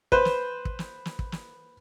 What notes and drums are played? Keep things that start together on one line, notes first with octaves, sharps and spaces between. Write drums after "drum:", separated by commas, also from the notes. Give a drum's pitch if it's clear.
B4 C5, drum: kick
drum: snare
drum: kick
drum: snare
drum: snare
drum: kick
drum: snare